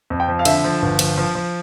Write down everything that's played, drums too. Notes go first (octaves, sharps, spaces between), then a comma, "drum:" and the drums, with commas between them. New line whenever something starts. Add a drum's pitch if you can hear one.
F2
G5
F3
F5
D3 E5, drum: cymbal
F3
G1
F3, drum: cymbal
F3
F3